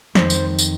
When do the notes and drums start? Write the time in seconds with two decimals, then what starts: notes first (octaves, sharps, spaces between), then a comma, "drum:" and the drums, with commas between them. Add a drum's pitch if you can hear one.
0.15 F2 D#3 C5, drum: snare
0.30 drum: tambourine
0.59 drum: tambourine